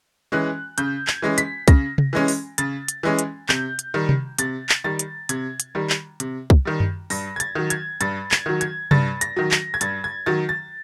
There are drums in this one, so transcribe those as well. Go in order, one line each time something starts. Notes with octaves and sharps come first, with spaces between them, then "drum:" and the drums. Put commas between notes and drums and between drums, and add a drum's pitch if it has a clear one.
E3 G#3 C#4 F#6
C#3 G6, drum: hi-hat
G#6, drum: clap
E3 G#3 C#4
B6, drum: hi-hat
C#3 A#6, drum: kick, hi-hat
drum: tom C3
E3 G#3 C#4
drum: open hi-hat
C#3 A6, drum: hi-hat
drum: hi-hat
E3 G#3 C#4
drum: hi-hat
C3 G6, drum: clap
drum: hi-hat
D#3 G3
drum: tom C3
C3 A6, drum: hi-hat
drum: clap
D#3 G3 A6
drum: hi-hat
C3 G#6, drum: hi-hat
drum: hi-hat
D#3 G3
drum: clap
C3, drum: hi-hat
drum: kick
D#3 G3
drum: tom F#2
G2 A#6, drum: open hi-hat
G#6
A6, drum: hi-hat
D#3 F#3
G#6, drum: hi-hat
G2 A6, drum: hi-hat
G#6, drum: clap
D#3 F#3
G#6, drum: hi-hat
G2 A6, drum: tom C3
A#6, drum: hi-hat
D#3 F#3
A#6, drum: clap
G#6
G2 A6, drum: hi-hat
G#6
D#3 F#3 A6
A6